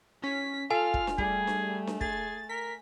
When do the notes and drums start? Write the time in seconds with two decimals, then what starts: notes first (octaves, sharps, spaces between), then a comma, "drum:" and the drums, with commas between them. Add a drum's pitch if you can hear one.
0.24 C#4 B6
0.71 F4 A4 F5 G#5 F6
0.94 drum: kick
1.07 drum: snare D4
1.18 G3 A3 G#4, drum: kick
1.47 drum: snare D4
1.87 drum: snare D4
2.01 G#4 A6, drum: kick
2.50 A#4 B6